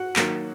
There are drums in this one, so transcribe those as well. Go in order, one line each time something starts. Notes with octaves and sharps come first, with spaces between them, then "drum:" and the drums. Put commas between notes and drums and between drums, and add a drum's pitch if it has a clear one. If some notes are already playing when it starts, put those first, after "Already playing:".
Already playing: F#4 F#5
D#3 F#3 A#3, drum: clap